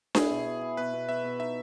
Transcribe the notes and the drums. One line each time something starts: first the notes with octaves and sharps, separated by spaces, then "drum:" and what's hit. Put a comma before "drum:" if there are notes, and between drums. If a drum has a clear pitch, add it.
E4 G#4, drum: snare D4
B2
B2
E4
B2 B4
B2
B2 E5
B2
D#4 E5